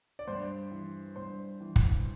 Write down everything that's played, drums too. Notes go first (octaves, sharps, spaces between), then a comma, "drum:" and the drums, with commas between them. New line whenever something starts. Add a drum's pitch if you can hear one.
D5
G2 C5
E3
G2 C5
E3
drum: kick